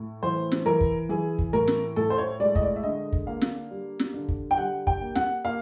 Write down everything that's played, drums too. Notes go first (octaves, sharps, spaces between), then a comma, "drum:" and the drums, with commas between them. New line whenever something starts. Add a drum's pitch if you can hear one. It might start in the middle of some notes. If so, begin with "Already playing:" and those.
Already playing: A2
E3 C5
drum: snare
E3 A#4
drum: kick
E3 G#4
drum: kick
A2 A#4
drum: snare
A2 A4
C5
C#5
G#3 D5
D#5, drum: kick
D5
E5
D3 D#5
drum: kick
A#3 F5
drum: snare
G3
drum: snare
D3
drum: kick
G5
G3 F#5
G5, drum: kick
A#3
F#5, drum: snare
A#3 F5